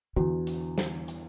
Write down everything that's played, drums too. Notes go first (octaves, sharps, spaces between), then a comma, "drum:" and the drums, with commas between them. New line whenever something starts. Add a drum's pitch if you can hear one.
E2 D3 F#4
drum: hi-hat
drum: snare
drum: hi-hat